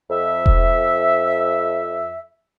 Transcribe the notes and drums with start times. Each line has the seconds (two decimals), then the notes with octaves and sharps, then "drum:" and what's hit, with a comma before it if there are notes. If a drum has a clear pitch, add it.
0.10 F2 E5
0.46 drum: kick E1